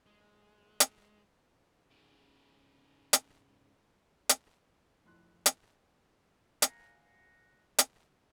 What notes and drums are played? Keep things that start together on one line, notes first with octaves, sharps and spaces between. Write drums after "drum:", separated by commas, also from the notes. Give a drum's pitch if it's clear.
G#3
drum: hi-hat
G#2 C#3
drum: hi-hat
drum: hi-hat
F2 A2 C6 F#6
drum: hi-hat
F5 F#5 G#5 A#5, drum: hi-hat
drum: hi-hat